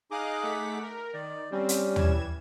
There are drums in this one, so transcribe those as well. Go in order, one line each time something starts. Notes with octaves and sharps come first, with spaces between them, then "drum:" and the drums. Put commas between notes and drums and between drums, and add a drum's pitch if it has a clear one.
D#4 G#4 D#5 F5 D6 F#6
A3 F#5 B6
A#4
D#3 D5
G3 C4 C#4
drum: hi-hat
E3 G#6 E7, drum: tom